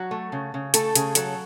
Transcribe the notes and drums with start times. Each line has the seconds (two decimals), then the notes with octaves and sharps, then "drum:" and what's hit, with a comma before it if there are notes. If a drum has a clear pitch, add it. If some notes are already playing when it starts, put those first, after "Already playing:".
Already playing: F#3 F#4
0.11 A3
0.32 C#3
0.54 C#3
0.74 A3 A4, drum: hi-hat
0.96 C#3 G#4, drum: hi-hat
1.15 F#3 A4, drum: hi-hat